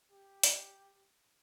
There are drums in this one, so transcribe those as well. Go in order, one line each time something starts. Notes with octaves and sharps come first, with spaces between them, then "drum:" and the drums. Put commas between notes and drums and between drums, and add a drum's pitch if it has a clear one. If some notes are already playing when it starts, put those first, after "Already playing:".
G4
drum: hi-hat